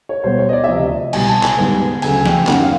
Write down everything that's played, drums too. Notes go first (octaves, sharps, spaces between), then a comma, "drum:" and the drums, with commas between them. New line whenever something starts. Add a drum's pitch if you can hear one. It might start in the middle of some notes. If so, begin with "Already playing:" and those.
C#5
B2 G3 B3 C5
C#5
D#5
D5
E5
D2 C3 F3 D#5
C2 B2 G3 G#5, drum: cymbal
A5
G#5, drum: clap
G#2 D#3 G3 B3
D2 C#3 F#3 A3 G#5, drum: cymbal
G5, drum: snare
F#2 D#3 F#3 A#3 C#4 F#5, drum: clap
F5